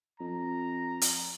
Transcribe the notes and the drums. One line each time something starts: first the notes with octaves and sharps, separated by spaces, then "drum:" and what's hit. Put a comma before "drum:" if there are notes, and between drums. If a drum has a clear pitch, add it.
F2 A#5
drum: hi-hat